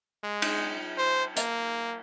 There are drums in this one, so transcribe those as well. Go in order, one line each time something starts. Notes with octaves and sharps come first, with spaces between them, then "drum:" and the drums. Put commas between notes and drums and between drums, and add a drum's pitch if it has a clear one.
G#3
drum: cymbal
C5
A#3, drum: hi-hat